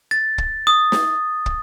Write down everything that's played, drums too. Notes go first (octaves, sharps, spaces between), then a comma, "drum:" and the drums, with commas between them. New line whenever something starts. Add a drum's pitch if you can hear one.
A6
drum: kick
D#6
drum: snare
drum: kick